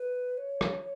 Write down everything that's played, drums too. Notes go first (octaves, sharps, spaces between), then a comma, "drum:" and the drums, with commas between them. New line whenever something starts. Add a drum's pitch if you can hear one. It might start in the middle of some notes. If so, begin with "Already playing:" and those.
Already playing: B4
C#5
drum: rim click